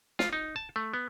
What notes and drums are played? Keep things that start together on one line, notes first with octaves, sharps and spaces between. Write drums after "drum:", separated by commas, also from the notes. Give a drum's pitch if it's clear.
F4, drum: snare
D#4
A5
A3
B3